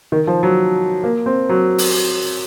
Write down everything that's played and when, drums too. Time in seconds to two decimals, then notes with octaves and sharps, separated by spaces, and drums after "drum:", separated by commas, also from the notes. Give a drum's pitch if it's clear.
0.12 D#3
0.27 F3
0.43 F#3
1.04 A#3
1.26 C4
1.49 F#3
1.78 drum: open hi-hat